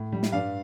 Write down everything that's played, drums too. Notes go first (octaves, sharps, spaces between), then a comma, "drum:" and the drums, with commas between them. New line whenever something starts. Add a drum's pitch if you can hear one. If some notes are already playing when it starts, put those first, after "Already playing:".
Already playing: A2
G3
drum: snare
G2 D5 F5